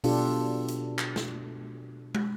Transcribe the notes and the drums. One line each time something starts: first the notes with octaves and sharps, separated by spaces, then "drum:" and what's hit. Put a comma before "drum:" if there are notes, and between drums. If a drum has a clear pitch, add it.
B2 D4 F4 G4 A4, drum: open hi-hat
drum: hi-hat
drum: clap
drum: snare
drum: tom